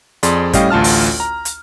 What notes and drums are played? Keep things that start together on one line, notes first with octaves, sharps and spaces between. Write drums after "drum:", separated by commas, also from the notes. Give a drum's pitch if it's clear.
F2 G#4 D5 C6, drum: hi-hat
A2 G3 C#4 D#5 F5 G5, drum: kick G1, hi-hat
A1 D2 F4 A5 F6
drum: open hi-hat
A#5
drum: hi-hat